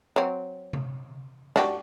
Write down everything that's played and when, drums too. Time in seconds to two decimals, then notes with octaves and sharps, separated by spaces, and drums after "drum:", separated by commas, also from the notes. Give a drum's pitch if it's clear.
0.16 F#3 C4
0.73 drum: tom C3
1.56 D4 F#4 G4, drum: snare